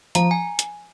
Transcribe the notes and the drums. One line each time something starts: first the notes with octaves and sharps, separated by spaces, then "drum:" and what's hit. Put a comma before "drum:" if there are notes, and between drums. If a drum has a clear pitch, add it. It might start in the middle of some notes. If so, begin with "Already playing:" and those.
F3 A#5, drum: hi-hat
G#5
drum: hi-hat